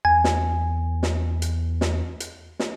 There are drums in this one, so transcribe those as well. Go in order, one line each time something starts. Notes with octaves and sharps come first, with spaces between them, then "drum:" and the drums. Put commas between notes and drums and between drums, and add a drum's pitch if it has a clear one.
E2 G#5
drum: snare
drum: snare
drum: hi-hat
drum: snare
drum: hi-hat
drum: snare